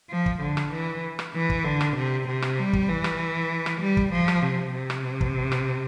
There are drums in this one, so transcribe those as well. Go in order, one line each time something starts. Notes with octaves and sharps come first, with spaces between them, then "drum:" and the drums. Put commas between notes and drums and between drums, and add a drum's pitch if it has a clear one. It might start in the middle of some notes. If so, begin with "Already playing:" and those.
F3
drum: kick
D3
drum: rim click
E3
drum: rim click
E3
drum: kick
D3
drum: rim click
C3
C3
drum: rim click
G3
drum: kick
E3
drum: rim click
drum: rim click
G3
drum: kick
F3
drum: rim click
C3
C3
drum: rim click
drum: kick
drum: rim click